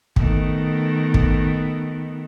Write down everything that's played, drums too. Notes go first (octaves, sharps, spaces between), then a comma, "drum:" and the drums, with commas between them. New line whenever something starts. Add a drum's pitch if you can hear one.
D#3 A3 B3, drum: kick
drum: kick